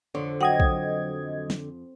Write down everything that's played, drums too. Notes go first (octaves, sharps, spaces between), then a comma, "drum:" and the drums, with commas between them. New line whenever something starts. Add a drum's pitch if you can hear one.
F2 D3 C#5 D5
F#3 D#5 F#5 G5 G#6
drum: kick
drum: snare